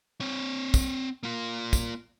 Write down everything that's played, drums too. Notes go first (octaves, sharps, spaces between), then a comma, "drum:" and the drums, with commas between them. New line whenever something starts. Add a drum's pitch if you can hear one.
C4 C#5
drum: kick, tambourine
A#3 F4
drum: kick, tambourine